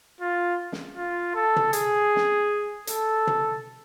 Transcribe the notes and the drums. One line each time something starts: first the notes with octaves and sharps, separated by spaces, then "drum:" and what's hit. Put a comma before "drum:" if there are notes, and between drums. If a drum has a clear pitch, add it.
F4
drum: snare
F4
A4
drum: tom
G#4, drum: hi-hat
drum: snare
A4, drum: hi-hat
drum: tom